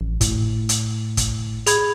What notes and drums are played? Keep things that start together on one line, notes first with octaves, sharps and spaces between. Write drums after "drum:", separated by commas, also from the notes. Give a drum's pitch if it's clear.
A1
A2, drum: kick, hi-hat
drum: hi-hat
drum: kick, hi-hat
G#4 B5 G#6, drum: hi-hat